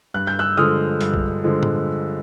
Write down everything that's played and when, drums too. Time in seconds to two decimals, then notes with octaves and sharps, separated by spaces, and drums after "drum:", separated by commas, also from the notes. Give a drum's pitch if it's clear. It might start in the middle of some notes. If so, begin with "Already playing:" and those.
0.14 G2 F#6
0.27 G6
0.39 E6 F#6
0.57 D3 F3 G#3 D#6 F6
1.01 G2, drum: hi-hat
1.14 drum: kick B1
1.44 D3 F3 G#3
1.63 drum: tom A2